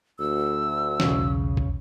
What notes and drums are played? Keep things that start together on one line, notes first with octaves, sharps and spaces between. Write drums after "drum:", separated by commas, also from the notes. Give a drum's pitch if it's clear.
D2 E6
B1 E2 C#3 C#4, drum: snare
drum: kick